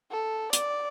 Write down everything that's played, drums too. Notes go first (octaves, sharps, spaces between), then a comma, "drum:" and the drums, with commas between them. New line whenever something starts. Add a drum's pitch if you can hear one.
A4
D5, drum: hi-hat